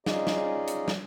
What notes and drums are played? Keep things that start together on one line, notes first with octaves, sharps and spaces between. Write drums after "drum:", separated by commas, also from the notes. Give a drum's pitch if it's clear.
C#4 D#4 F4 G#4 D5 D#5, drum: snare
drum: snare
drum: hi-hat
drum: snare